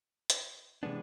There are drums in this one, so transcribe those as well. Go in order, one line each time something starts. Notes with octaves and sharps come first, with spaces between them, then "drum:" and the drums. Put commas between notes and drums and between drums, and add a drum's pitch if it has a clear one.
drum: hi-hat
C3 E3 G#3 B3 D4